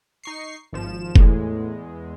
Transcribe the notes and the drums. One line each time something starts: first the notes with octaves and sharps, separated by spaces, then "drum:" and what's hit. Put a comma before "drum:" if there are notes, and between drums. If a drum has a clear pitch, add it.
D#4 C#6 C7
G#1 F3 E7
E2 A2 G#3, drum: kick F1